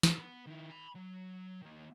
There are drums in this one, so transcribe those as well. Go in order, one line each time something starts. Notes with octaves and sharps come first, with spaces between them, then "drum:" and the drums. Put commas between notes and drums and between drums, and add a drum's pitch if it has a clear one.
drum: snare
B3 B4
D#3 E4
G#5 B5
F#3
D#3 A#3